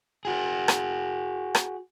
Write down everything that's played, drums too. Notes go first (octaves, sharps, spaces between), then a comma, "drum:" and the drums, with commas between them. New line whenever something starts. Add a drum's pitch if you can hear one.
F#4 G#4
drum: rim click
drum: rim click